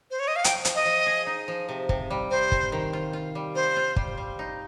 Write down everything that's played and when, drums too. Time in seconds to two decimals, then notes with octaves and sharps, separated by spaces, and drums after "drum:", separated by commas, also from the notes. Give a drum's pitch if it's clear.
0.11 C5
0.19 C#5
0.28 D#5
0.36 F5
0.44 F3 G5, drum: hi-hat
0.65 F3, drum: hi-hat
0.75 D#5
0.85 F3
1.06 G#4
1.27 D#4
1.48 F3
1.69 C3
1.89 C3, drum: kick
2.10 G3
2.30 C3 C5
2.52 C3, drum: kick
2.72 D#3
2.93 F4
3.13 F4
3.35 G3
3.55 F4 C5
3.76 F4
3.96 G3, drum: kick
4.18 G3
4.39 D#4